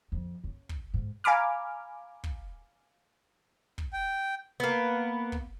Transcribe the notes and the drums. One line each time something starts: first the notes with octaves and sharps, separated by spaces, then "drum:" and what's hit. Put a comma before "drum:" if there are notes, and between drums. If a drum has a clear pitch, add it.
F2
C#3
drum: kick
G#2
F5 G#5 A#5 B5 D6 F6
drum: kick
drum: kick
G5
A#3 B3
drum: kick